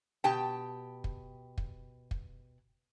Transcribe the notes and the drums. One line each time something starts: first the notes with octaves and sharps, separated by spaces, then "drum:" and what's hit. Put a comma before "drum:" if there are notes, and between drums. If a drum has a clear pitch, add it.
B2 G4 G5 A5
drum: kick
drum: kick
drum: kick